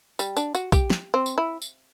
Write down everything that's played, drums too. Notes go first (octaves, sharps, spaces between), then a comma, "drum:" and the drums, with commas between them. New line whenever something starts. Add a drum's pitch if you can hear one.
G3, drum: tambourine
D4, drum: tambourine
F#4, drum: tambourine
G4, drum: kick, tambourine
drum: snare
C4
drum: tambourine
E4
drum: tambourine